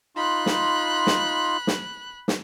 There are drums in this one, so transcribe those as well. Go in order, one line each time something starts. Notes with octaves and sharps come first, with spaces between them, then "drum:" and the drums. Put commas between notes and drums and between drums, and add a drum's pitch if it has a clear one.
D#4 F4 B5 C6 F#6
drum: snare
drum: snare
drum: snare
drum: snare